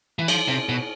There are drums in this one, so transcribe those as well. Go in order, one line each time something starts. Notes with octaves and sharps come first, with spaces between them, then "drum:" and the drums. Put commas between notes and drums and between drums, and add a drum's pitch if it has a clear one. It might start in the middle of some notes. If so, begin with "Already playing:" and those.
E3
F3, drum: cymbal
C3
B2